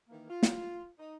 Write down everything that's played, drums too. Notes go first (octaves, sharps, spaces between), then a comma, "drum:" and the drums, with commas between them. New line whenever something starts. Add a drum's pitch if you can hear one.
D#3 E3 A#3
F4
drum: snare
D#4